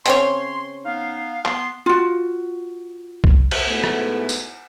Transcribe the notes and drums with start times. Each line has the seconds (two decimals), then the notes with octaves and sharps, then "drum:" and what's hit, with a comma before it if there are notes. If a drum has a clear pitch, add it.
0.06 C#3 C4 C#5 C6, drum: hi-hat
0.85 B3 D#4 F5
1.45 B3 C6, drum: clap
1.86 F4 F#4
3.24 drum: kick C2
3.51 drum: cymbal
3.68 G#2 A3 B3 E4 F#4
3.84 drum: rim click
4.29 drum: tambourine